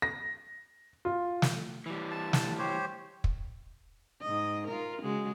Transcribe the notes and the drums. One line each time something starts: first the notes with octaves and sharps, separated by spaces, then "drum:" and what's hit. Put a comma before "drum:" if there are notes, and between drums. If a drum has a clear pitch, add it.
A#6
F4
drum: snare
E3 G3
A5
A5, drum: snare
G4 C5 C#5
drum: kick
G#2 D#5
F4 A#4
C#3 G#3 F#4